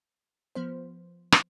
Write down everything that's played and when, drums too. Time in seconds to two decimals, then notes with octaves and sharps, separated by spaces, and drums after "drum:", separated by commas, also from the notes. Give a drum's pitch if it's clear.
0.55 F3 B3 C5
1.32 drum: rim click